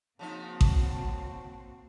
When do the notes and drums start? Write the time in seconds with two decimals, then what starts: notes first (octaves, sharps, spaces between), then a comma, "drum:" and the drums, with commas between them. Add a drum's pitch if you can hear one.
0.19 C#3 F3 A#3 C4 D#4 F#4 A5
0.61 drum: kick A1